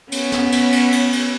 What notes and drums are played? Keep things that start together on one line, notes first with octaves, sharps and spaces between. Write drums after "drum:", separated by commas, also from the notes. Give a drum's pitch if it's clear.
B3 C#4, drum: cymbal
drum: snare
drum: cymbal
drum: cymbal
drum: cymbal
drum: cymbal